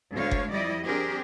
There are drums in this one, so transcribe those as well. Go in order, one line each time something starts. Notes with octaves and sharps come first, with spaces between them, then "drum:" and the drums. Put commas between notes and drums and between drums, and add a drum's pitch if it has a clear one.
D2 G#2 D3 C#5 F5
drum: kick F#1
F2 G3 E4 D5 D#5
C4 D4 G4 G#4 A#4 C5